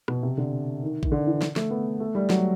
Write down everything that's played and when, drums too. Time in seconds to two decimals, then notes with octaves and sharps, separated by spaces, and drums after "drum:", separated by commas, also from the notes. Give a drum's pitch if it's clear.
0.08 B2, drum: rim click
0.23 C3
0.37 D3
0.83 D#3
1.03 D#3, drum: kick A#1
1.12 D3
1.27 E3
1.42 drum: snare
1.56 A3, drum: snare
1.70 B3
2.00 A3
2.15 G3
2.30 F#3, drum: snare